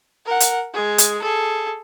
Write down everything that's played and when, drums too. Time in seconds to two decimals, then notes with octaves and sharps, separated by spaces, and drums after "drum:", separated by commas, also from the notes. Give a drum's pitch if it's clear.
0.26 A#4 F#5
0.40 drum: hi-hat
0.74 G#3 G#4
0.98 drum: hi-hat
1.22 G#4 A4